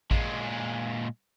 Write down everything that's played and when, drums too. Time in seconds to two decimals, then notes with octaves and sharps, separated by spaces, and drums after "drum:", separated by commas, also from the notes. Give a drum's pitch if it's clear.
0.11 A#2 G#3, drum: kick A1